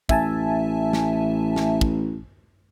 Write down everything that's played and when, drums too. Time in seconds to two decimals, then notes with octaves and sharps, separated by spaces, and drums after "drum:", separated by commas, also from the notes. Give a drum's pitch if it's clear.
0.09 A1 E5 G#5 A5, drum: kick
0.93 drum: snare
1.56 drum: snare
1.81 drum: kick